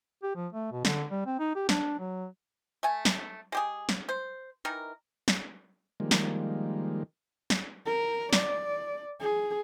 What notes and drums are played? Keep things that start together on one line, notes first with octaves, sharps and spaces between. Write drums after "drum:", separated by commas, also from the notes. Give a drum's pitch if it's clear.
G4
F3
A3
B2
D3, drum: snare
G3
C4
D#4
G4
D4, drum: snare
F#3
A3 G#5
drum: snare
G#3 G4 G#4
drum: snare
C5
D#3 E3 D#4 A#4
drum: snare
D#3 F3 G3 G#3 A#3
drum: snare
drum: snare
A#4
D5, drum: snare
G#4